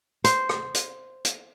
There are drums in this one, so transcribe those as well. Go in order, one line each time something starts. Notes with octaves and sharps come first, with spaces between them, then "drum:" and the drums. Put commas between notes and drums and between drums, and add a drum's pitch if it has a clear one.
C5, drum: hi-hat
drum: rim click
drum: hi-hat
drum: hi-hat